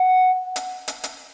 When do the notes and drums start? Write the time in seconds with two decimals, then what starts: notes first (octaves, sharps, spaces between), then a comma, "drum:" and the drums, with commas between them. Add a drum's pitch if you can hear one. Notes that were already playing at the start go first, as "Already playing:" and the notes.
Already playing: F#5
0.56 drum: hi-hat
0.88 drum: hi-hat
1.04 drum: hi-hat